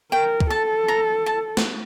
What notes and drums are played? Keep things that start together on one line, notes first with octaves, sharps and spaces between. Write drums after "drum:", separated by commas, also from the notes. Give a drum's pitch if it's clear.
A#4 G5
drum: kick
A4 A5
A#5
A5
drum: snare